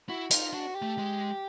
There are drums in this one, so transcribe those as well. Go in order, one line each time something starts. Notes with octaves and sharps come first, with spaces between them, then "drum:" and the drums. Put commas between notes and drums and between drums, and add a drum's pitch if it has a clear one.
E4 F#4
D#4 F4, drum: hi-hat
D4 F#4
G4
A3
G#3